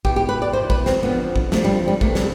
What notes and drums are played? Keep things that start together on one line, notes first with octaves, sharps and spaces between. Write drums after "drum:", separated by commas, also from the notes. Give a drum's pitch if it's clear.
E2 B2 G4, drum: kick
G4
B4
D5
E2 B2 C5
B4, drum: kick
C4, drum: snare
F2 D3 F3 B3
drum: kick
F2 D3 F3 A3, drum: snare
G3
G3
E2 C3 E3 A3, drum: kick
G3, drum: snare